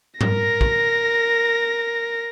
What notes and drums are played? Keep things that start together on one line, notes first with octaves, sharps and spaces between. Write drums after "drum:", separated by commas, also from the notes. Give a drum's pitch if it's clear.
A#4 A#6, drum: tom G#2
drum: kick